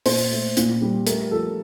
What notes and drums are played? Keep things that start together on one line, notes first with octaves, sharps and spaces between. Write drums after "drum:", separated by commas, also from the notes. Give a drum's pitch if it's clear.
A#2 C5, drum: open hi-hat
A3
A#2, drum: hi-hat
G3
A3 A#4, drum: hi-hat
F3 A4